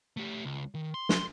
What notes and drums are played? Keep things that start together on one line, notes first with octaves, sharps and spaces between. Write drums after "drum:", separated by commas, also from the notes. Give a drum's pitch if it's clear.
A3 G4
C#2
D#3
C6
drum: snare